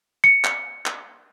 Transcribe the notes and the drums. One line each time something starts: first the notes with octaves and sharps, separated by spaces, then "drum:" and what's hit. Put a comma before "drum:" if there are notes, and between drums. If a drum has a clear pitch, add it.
C#7
drum: clap
drum: clap